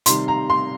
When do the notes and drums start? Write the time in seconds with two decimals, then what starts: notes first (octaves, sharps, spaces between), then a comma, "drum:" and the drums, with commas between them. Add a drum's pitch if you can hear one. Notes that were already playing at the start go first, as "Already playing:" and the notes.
0.06 C3 D#3 G3 C6, drum: hi-hat
0.28 A#5
0.50 C6